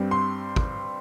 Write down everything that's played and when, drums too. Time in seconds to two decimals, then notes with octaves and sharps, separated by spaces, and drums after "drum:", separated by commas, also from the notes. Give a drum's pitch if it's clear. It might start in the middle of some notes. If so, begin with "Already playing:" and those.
Already playing: G2 G3 C4
0.11 C6
0.56 drum: kick